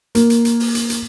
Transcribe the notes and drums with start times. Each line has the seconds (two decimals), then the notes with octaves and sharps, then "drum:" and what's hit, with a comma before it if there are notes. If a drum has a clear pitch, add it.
0.15 A#3, drum: hi-hat
0.30 drum: hi-hat
0.45 drum: hi-hat
0.60 drum: open hi-hat
0.75 drum: hi-hat
0.90 drum: hi-hat